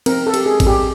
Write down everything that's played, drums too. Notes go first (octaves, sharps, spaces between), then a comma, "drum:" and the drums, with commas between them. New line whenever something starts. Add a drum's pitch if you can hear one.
C4 A#4, drum: cymbal
A4
G4, drum: cymbal
G#4
C4, drum: kick G#1, cymbal
G4